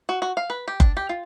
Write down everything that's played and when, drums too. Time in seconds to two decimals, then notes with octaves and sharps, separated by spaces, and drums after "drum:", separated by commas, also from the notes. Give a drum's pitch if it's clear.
0.09 F#4
0.22 F#4
0.37 F5
0.50 B4
0.68 G4
0.80 D4, drum: kick F#1
0.97 G4
1.09 F4